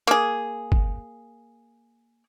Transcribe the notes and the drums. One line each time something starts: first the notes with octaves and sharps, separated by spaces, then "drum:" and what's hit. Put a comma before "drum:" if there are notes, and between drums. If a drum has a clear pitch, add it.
A#3 G#4, drum: hi-hat
drum: kick